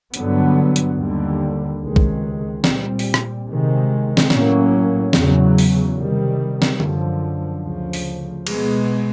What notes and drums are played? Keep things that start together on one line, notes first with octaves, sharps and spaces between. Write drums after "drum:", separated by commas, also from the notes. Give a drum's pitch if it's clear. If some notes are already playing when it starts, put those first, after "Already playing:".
G2 D3 F#3 B3, drum: hi-hat
drum: hi-hat
D#2 D3 G3
C#2 C3 D#3 G#3
drum: kick
A#2 G3 C4, drum: snare
drum: open hi-hat
drum: rim click
C3 D#3 G#3
drum: snare
A2 F#3 A#3 C#4, drum: snare
E2 C#3 F#3, drum: snare
drum: open hi-hat
C3 D#3 G3
drum: snare
F#2 D3 F3, drum: tom D3
D2 C#3 F3
drum: open hi-hat
B2 G#3 B3, drum: cymbal